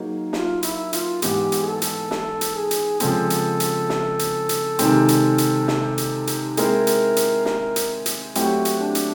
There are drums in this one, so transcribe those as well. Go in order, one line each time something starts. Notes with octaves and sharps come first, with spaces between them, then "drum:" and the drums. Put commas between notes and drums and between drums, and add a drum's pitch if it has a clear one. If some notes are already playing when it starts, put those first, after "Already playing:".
Already playing: F#3 A#3 D#4 G#4
F4, drum: snare
E4, drum: hi-hat
F4, drum: hi-hat
G#2 E3 G#3 B3 G4, drum: hi-hat
drum: hi-hat
G#4
A4
drum: hi-hat
A4, drum: snare
drum: hi-hat
G#4
drum: hi-hat
C#3 F3 G#3 C4 A4, drum: hi-hat
drum: hi-hat
drum: hi-hat
drum: snare
drum: hi-hat
drum: hi-hat
C3 D#3 G#3 C4, drum: hi-hat
drum: hi-hat
drum: hi-hat
drum: snare
drum: hi-hat
drum: hi-hat
G#3 C4 E4 G#4 A#4, drum: hi-hat
drum: hi-hat
drum: hi-hat
A#4, drum: snare
drum: hi-hat
drum: hi-hat
F#3 A3 C4 E4 F#4 G4, drum: hi-hat
drum: hi-hat
D4
drum: hi-hat